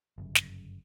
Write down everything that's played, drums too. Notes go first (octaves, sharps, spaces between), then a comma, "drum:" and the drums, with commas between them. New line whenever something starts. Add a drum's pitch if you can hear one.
G1 F#2 C#3
drum: snare